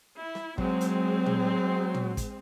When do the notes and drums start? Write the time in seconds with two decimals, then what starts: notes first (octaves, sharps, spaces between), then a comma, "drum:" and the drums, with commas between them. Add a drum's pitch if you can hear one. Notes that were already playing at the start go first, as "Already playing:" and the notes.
0.17 E4
0.35 drum: snare
0.58 F#3 G#3 C4, drum: kick
0.81 drum: hi-hat
1.26 drum: tom
1.94 drum: tom
2.17 drum: kick, hi-hat